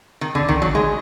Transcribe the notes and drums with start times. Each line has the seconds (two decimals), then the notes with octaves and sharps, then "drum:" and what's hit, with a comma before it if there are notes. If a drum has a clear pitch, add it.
0.21 D#3
0.35 D3, drum: kick
0.49 D#3, drum: tom
0.62 F#3
0.75 G#3